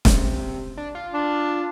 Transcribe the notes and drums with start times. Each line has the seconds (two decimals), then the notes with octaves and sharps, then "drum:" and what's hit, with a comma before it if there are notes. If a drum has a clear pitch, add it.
0.05 C3, drum: snare
0.77 D4
0.95 F4
1.14 D4